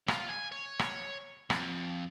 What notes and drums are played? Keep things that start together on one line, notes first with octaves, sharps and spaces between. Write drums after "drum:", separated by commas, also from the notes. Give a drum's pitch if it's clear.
F4, drum: rim click
G#5
C#5
drum: rim click
F2, drum: rim click